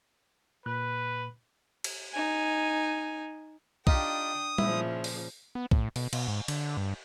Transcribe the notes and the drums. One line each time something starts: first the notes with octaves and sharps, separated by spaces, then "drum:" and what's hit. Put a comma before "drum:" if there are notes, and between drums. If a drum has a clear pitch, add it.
A#2 B4 F#6
drum: cymbal
D#4 G#5
D4 D#4 F4 G4 G5 D#6, drum: kick B1
A#2 C#3 F3 E4, drum: tom G3
drum: open hi-hat
B3
A2, drum: kick B1
B2, drum: open hi-hat
B2, drum: cymbal
G#2
D3, drum: cymbal
G2